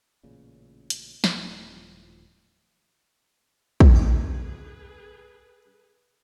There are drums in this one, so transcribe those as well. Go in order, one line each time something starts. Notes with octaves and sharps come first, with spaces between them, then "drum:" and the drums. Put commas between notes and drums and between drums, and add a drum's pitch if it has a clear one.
A1 A#2 C#3
drum: hi-hat
D#1 A2 F3, drum: snare
drum: kick
G#4 A4 B4 G5 D6